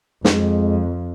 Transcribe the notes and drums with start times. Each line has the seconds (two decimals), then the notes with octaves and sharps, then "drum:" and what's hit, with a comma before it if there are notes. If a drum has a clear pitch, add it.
0.25 F2 G#3, drum: snare